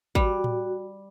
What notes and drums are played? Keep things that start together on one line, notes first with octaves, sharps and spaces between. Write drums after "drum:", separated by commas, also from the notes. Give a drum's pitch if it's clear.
G3 F#4, drum: kick
drum: tom A2